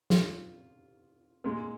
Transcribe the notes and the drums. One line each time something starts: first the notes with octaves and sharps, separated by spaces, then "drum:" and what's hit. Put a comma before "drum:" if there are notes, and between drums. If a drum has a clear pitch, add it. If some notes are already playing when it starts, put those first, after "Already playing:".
F4, drum: snare
A#2 G#3